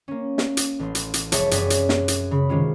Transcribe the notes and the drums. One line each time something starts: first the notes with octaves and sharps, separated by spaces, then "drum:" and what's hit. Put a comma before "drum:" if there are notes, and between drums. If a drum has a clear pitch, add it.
A#3 C#4
drum: snare
drum: hi-hat
A1 C6
drum: hi-hat
drum: hi-hat
F1 G3 G#4 C#5 E5 A5, drum: hi-hat
F#2 C#5 D5 G#5 B6, drum: hi-hat
drum: hi-hat
drum: snare
drum: hi-hat
C#3 B5
C3 D#3 G#3 C#4 F4